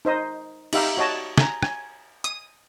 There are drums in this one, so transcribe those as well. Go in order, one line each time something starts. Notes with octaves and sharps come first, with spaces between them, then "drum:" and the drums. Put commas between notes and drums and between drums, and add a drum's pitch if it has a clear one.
D#4 C5 D#5
D#4 G4 E5 F5, drum: cymbal
F#4 C#5 D#5 A5
G#5 A#5, drum: snare
G#5, drum: rim click
D#6, drum: hi-hat